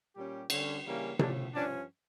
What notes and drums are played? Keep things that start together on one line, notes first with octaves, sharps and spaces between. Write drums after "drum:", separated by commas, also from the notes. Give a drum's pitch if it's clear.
A#2 G3 C#4 G4
D3 G3 C#4, drum: cymbal
C#3 E3 G3 A#3 C#4
A2 F3 A3 C#4 D4, drum: tom C3
G2 F3 C#4 D4